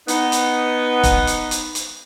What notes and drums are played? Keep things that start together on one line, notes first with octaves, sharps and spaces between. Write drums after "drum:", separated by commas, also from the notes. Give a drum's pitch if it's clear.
B3 D#4, drum: hi-hat
drum: hi-hat
drum: kick E1, hi-hat
drum: hi-hat
drum: hi-hat
drum: hi-hat